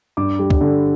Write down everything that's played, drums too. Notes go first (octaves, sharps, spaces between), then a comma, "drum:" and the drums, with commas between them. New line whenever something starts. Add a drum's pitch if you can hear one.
G2 D6
G3
drum: kick
D3